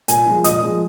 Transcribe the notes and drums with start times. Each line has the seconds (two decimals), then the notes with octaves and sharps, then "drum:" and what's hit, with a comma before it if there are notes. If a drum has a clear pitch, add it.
0.08 A#2 G#5, drum: hi-hat
0.26 F3 G#3
0.44 A#2 D#5 D#6, drum: hi-hat
0.63 F3 G#3